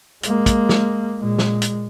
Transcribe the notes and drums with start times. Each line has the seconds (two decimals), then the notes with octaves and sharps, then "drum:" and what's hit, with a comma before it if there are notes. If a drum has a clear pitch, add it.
0.23 G#3 A#3, drum: hi-hat
0.46 drum: kick, hi-hat
0.69 drum: snare
1.19 A#2 G#3
1.39 drum: snare
1.62 drum: hi-hat